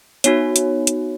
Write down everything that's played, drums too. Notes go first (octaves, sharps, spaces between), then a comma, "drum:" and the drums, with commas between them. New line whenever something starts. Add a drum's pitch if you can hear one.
B3 D#4 F#4 C#5, drum: hi-hat
drum: hi-hat
drum: hi-hat